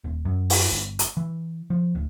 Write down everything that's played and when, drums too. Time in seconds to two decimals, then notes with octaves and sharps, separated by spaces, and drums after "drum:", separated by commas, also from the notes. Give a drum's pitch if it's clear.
0.04 D#1
0.25 F#2
0.50 drum: open hi-hat
0.71 G1
0.99 drum: hi-hat
1.17 E3
1.70 F3
1.95 D1